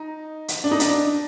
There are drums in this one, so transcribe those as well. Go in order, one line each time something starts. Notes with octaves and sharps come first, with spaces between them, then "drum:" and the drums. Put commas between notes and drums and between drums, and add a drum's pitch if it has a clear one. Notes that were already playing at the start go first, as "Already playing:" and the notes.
Already playing: D#4
drum: hi-hat
D4
D#4
D4, drum: hi-hat